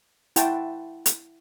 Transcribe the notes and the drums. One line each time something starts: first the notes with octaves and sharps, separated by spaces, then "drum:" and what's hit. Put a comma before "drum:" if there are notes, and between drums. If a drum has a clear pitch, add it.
E4 F#5 G5 A5 C6 C#6, drum: hi-hat
drum: hi-hat